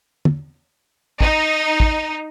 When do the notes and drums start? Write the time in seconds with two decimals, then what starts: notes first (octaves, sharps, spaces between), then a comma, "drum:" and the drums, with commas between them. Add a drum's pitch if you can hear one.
0.25 drum: tom
1.21 D#4, drum: kick
1.80 drum: kick